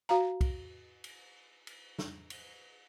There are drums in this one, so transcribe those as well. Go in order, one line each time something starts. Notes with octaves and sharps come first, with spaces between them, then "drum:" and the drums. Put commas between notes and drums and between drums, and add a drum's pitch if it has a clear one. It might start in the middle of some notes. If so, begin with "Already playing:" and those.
F#4 F5 A#5
drum: kick C2, cymbal
drum: cymbal
drum: cymbal
drum: snare
drum: cymbal